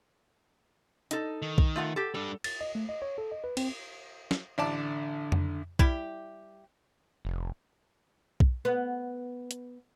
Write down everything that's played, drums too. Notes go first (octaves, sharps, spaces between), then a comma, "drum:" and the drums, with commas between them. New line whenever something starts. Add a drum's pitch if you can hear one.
D#4 A4, drum: hi-hat
D#3
drum: kick B1
A3 F4 F#5
G4 A4
G3 D4 A4
A6, drum: cymbal
D#5
A3
D#5
C#5
A4
D#5
B4
C4, drum: cymbal
drum: snare
A1 D3 D5 A5
drum: tom F2
G3 E4 G4, drum: kick B1
F1
drum: kick B1
B3
drum: hi-hat